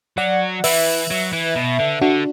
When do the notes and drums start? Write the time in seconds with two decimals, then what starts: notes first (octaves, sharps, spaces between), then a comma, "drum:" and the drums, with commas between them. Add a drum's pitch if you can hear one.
0.18 F#3 D5 F#5
0.64 E3 B4 E5, drum: open hi-hat
1.10 F#3
1.33 E3
1.55 B2
1.79 D3
2.01 D3 D4 F#4